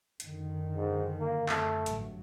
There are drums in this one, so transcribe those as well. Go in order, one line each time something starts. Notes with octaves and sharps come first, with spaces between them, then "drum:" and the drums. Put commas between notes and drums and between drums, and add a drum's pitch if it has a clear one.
F#2 D3 D#3, drum: hi-hat
G#2
A#3
A3, drum: clap
A1 G2 F#3, drum: hi-hat